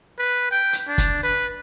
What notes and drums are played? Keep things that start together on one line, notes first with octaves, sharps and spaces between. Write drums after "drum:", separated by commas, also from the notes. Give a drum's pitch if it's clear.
B4
G5
drum: hi-hat
D4
drum: kick, hi-hat
B4